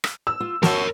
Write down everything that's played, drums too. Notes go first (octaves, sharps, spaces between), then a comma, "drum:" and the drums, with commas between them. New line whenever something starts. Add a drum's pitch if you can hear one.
drum: rim click
E6
F4
C4 F#4 A#4 C#5 A5, drum: snare